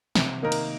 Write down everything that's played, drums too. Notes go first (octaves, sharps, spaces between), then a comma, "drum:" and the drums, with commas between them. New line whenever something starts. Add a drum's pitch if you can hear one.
C3, drum: snare
D#3 A#3 D#4 A#4
drum: cymbal